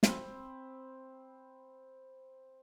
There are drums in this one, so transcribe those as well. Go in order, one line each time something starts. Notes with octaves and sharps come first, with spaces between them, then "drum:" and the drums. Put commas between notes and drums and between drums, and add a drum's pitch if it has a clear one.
C4 B5, drum: snare